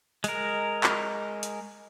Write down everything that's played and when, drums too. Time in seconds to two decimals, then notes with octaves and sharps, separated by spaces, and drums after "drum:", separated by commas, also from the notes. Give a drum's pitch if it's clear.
0.24 G#3 A#4, drum: hi-hat
0.83 drum: clap
1.43 drum: hi-hat